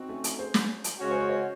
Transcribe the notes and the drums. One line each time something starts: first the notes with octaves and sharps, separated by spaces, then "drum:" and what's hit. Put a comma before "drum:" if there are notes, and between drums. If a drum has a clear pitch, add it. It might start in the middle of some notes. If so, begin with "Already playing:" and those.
Already playing: C4 D#4 F#4
A3 C#4
drum: hi-hat
G#4 C5
drum: snare
drum: hi-hat
C#3 G#3 C#4 F#4
C5
C#5
C5 D#5